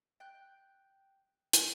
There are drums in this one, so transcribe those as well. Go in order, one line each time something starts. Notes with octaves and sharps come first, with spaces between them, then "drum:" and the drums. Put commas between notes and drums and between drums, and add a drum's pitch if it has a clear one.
G5 F#6 G6
drum: hi-hat